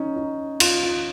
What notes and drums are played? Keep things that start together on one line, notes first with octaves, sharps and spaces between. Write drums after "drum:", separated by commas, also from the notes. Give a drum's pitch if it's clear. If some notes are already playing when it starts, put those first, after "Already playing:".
Already playing: C#4 D#4
D#4
F4, drum: cymbal
F4